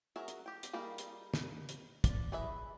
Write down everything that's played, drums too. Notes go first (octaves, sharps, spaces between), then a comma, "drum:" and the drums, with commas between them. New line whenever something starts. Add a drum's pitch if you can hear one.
F#3 G#4 A#4 E5
drum: hi-hat
G4 G5
drum: hi-hat
G3 A#3 D#4 G#4
drum: hi-hat
drum: snare
drum: hi-hat
D5, drum: kick, hi-hat
E3 G#4 B4 D#5 E5